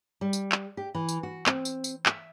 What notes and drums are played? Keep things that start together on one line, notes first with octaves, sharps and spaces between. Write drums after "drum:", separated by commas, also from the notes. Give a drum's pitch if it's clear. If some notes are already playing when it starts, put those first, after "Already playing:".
G3
drum: tambourine
drum: clap
G4
E3
drum: tambourine
F#4
C4, drum: clap
drum: tambourine
drum: tambourine
E5, drum: clap